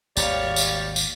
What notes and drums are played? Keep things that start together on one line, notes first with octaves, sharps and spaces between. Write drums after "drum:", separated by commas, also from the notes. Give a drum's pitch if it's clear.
G#1 D#2 G3 C#5 F5, drum: tambourine
drum: tambourine
drum: tambourine